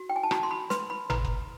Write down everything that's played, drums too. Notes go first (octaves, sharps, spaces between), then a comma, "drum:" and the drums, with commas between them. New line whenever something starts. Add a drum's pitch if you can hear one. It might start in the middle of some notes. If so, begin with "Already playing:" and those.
Already playing: F#4
G5
G#5
A5
F#4 A#5, drum: rim click
C6
B5
B4 C6, drum: snare
B5
B4 A#5, drum: tom G#1
drum: kick